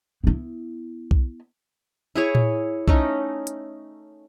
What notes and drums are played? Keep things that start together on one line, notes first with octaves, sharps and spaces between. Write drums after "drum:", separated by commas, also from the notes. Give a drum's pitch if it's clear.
B3 E4
drum: kick B1
E4 G#4 C#5
drum: tom A2
A3 C#4 D#4, drum: kick B1
drum: hi-hat